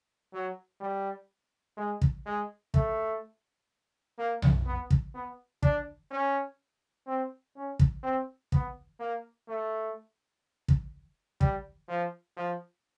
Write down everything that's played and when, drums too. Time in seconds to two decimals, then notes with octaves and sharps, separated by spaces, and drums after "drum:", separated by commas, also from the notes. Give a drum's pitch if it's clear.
0.33 F#3
0.81 G3
1.77 G#3
2.01 drum: kick
2.26 G#3
2.74 A3, drum: kick
4.18 A#3
4.42 drum: tom B1
4.66 B3
4.90 drum: kick
5.14 B3
5.63 D4, drum: kick
6.11 C#4
7.07 C4
7.56 C#4
7.79 drum: kick
8.03 C4
8.52 B3, drum: kick
8.99 A#3
9.48 A3
10.68 drum: kick
11.41 G3, drum: kick
11.88 F3
12.37 F3